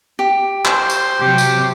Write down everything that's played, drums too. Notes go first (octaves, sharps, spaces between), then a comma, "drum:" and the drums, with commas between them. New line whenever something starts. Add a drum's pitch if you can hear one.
G4
C5, drum: clap
drum: tambourine
C3 F#3 G4
drum: tambourine